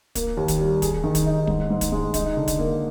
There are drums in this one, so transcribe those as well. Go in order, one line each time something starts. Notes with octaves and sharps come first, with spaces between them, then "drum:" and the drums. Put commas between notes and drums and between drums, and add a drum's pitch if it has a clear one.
A#3, drum: kick, hi-hat
D#2
drum: kick, hi-hat
G3
G#4, drum: kick, hi-hat
D#3
drum: kick, hi-hat
D#4
G#2, drum: kick
G#2
drum: kick, hi-hat
G#3
D#4, drum: kick, hi-hat
D3
drum: kick, hi-hat
A#3